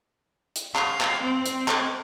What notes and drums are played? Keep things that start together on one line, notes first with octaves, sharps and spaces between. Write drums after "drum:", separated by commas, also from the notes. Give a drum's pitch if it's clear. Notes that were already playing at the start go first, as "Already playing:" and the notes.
drum: hi-hat
F5, drum: clap
drum: clap
C4
drum: hi-hat
drum: clap